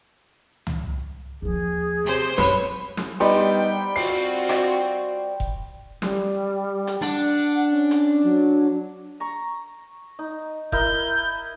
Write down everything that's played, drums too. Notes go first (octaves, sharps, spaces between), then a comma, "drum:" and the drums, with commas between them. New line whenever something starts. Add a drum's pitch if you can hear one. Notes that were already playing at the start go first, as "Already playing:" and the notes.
drum: tom
D#2 F3 G#4
C3 C5 G6
F#2 B4 C#5, drum: snare
drum: snare
G3 B3 D#4 C5 G5
C4 F4 F#4 C7, drum: open hi-hat
G5, drum: rim click
drum: kick F1
G3, drum: snare
drum: hi-hat
D4 F#5, drum: hi-hat
C#4
drum: hi-hat
F#3
A#5 C#6
D#4
E4 A#4 D#5 G6, drum: kick F1